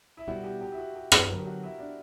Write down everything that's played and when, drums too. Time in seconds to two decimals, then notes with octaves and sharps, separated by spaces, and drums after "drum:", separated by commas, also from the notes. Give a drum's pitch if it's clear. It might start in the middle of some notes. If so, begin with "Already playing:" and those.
0.17 E4
0.28 B2 G3 B3 E4 F#4
0.44 G4
0.61 G4
0.72 E4
0.78 F#4
0.96 G4
1.12 B4, drum: rim click
1.29 D3 F#3 B3 A#4
1.39 G4
1.46 F#4
1.63 E4
1.79 D4